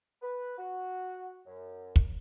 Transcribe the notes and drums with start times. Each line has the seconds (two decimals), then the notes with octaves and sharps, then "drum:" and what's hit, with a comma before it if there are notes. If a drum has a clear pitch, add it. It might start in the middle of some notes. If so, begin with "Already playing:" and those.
0.22 B4
0.58 F#4
1.47 F#2
1.96 drum: kick